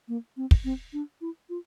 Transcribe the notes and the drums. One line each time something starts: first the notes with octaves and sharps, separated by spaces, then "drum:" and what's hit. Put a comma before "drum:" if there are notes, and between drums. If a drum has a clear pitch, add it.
A#3
C4
drum: kick
C4
D4
E4
F4